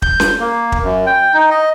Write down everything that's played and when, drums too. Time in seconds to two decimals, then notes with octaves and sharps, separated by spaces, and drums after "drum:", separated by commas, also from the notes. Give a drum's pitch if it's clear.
0.02 G6, drum: kick
0.20 drum: snare C#4
0.40 A#3
0.72 drum: kick
0.83 F#2
1.06 G5
1.34 D#4
1.50 D#5